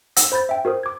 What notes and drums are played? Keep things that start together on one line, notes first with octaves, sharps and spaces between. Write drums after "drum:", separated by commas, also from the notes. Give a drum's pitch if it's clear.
F#5 E6 A#6, drum: hi-hat
C5 B5 G6 A6
E5 G5
F#4 A#4 C5 D#6
D6 G#6